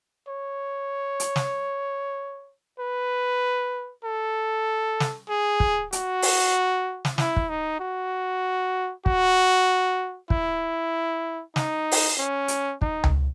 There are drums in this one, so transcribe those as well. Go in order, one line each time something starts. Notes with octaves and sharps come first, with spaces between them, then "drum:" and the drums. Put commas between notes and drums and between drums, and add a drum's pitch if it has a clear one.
C#5
drum: hi-hat
drum: snare
B4
A4
drum: snare
G#4
drum: kick
F#4, drum: hi-hat
drum: open hi-hat
drum: snare
E4, drum: snare
drum: kick
D#4
F#4
F#4, drum: kick
E4, drum: kick
D#4, drum: snare
drum: open hi-hat
C#4
drum: hi-hat
D#4, drum: kick
drum: tom C#2